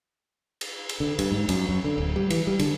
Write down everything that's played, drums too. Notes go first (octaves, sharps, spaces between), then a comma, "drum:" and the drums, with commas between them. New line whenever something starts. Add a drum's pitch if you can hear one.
drum: cymbal
drum: cymbal
D3
G2, drum: cymbal
G#2
F#2, drum: cymbal
F#2
D3
D1
G3
E3, drum: cymbal
G3
D3, drum: cymbal